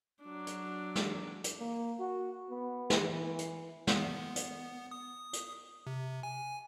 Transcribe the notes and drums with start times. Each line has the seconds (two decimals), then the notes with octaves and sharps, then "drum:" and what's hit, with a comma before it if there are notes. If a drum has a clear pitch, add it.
0.24 F#3 D4
0.47 drum: hi-hat
0.95 drum: snare
1.44 drum: hi-hat
1.59 A#3
1.99 F#4
2.50 B3
2.90 drum: snare
3.13 E3
3.39 drum: hi-hat
3.87 B3, drum: snare
4.36 drum: hi-hat
4.91 D#6
5.33 drum: hi-hat
5.87 C3
6.23 G#5